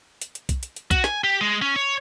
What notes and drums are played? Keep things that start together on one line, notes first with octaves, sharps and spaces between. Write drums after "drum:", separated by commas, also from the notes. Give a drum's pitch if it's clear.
drum: hi-hat
drum: hi-hat
drum: kick B1, hi-hat
drum: hi-hat
drum: hi-hat
F#4, drum: kick B1, hi-hat
G#5, drum: snare
G4
G#3
C#4
C#5